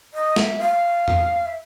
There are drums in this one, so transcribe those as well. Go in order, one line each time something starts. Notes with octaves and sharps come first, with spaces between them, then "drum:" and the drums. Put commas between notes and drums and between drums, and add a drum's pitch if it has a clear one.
D#5
E5, drum: snare G#3
F5
drum: tom E2
E5